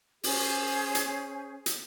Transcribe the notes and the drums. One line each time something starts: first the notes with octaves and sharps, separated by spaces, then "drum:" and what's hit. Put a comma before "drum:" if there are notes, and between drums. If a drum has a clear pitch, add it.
C#4 G#4 C5, drum: open hi-hat
drum: hi-hat
drum: hi-hat